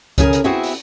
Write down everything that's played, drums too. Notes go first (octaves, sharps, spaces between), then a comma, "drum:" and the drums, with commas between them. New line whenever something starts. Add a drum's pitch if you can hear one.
C#3 G#4 A#4, drum: kick C#2, hi-hat
drum: hi-hat
B3 C4 E4 F#4 G#4 E5
drum: open hi-hat